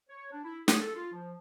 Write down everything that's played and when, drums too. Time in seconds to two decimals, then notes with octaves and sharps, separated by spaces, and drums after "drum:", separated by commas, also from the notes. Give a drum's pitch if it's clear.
0.09 C#5
0.31 D4
0.44 E4
0.68 G#4, drum: snare
0.80 A4
0.96 F4
1.13 F3